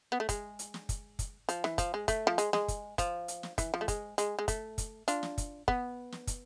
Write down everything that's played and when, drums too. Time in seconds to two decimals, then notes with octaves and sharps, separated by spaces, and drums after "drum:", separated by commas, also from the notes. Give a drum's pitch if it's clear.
0.12 B3
0.20 A3
0.29 G#3, drum: kick, hi-hat
0.59 drum: hi-hat
0.74 drum: snare
0.89 drum: kick, hi-hat
1.19 drum: kick, hi-hat
1.49 F3, drum: hi-hat
1.64 E3, drum: snare
1.78 F3, drum: kick, hi-hat
1.94 G#3
2.08 A3, drum: kick, hi-hat
2.27 F3
2.38 G#3, drum: hi-hat
2.53 G#3, drum: snare
2.68 drum: kick, hi-hat
2.98 F3, drum: kick, hi-hat
3.28 drum: hi-hat
3.43 drum: snare
3.58 E3, drum: kick, hi-hat
3.74 F3
3.81 A3
3.88 G#3, drum: kick, hi-hat
4.18 G#3, drum: hi-hat
4.39 G#3
4.48 A3, drum: kick, hi-hat
4.78 drum: kick, hi-hat
5.08 D4 F4, drum: hi-hat
5.23 drum: snare
5.38 drum: kick, hi-hat
5.68 B3, drum: kick
6.12 drum: snare
6.27 drum: kick, hi-hat